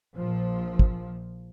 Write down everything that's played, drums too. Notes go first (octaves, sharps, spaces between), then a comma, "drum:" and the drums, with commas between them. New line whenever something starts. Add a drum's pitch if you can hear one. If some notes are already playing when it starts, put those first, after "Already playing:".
A#1 F3
drum: kick